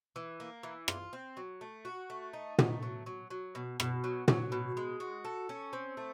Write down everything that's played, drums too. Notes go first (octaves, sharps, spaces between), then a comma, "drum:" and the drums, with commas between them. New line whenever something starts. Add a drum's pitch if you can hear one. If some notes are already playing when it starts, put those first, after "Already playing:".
E3
A#3
E3
F4, drum: rim click
C4
F#3
A3
F#4
A3
D#4
A3, drum: tom
F#3
F#3
F#3
B2
B2, drum: rim click
F#3
F#3, drum: tom
B2
G#3
F#4
A4
C#4
C4
A3